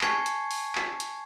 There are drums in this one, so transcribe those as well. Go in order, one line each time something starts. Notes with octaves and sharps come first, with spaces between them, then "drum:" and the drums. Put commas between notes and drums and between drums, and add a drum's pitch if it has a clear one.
G#5 A5 C#6 G#6 C7 C#7, drum: clap
drum: hi-hat
drum: open hi-hat
drum: clap
drum: hi-hat